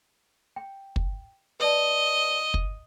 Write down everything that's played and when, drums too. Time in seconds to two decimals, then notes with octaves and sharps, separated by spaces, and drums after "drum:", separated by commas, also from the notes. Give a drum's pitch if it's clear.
0.56 G5
0.96 drum: kick
1.60 B4 D5 D#5 A5
2.54 drum: kick